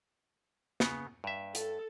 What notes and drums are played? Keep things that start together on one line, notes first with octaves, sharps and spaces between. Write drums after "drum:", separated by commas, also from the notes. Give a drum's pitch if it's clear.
C#3 B3, drum: snare
G2 E5
A4, drum: hi-hat